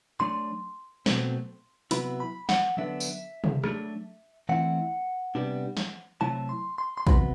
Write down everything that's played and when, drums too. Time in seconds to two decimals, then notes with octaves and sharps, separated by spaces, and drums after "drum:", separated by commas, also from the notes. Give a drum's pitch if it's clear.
0.20 F#3 A3 D4 C6
1.06 B2 F#3 A3 C4, drum: snare
1.91 C3 F#3 B3 E4 B5, drum: hi-hat
2.20 B5
2.49 F#5, drum: snare
2.77 D3 F#3 B3 D4 E5
3.00 drum: tambourine
3.44 drum: tom C3
3.64 F#3 A3 D4, drum: rim click
4.49 E3 A3 C4 E4 F#5
5.35 C3 G3 B3 D4
5.77 drum: snare
6.21 C3 F#3 A3 E4 A5
6.49 C6
6.78 C6
6.98 C6
7.07 C3 F#3 B3 B5, drum: kick